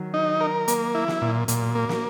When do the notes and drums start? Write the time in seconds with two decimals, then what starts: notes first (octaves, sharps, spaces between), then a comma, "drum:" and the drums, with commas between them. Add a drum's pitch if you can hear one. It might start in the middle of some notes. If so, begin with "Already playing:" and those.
Already playing: D#3 F#3
0.14 D#4
0.41 A#4
0.68 A#3, drum: hi-hat
0.95 E4
1.08 drum: snare
1.22 A#2
1.48 A#2, drum: hi-hat
1.75 A#3
1.89 drum: snare